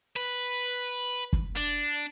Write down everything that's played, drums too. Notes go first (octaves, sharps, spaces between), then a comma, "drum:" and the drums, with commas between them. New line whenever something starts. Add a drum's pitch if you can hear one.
B4
drum: kick
D4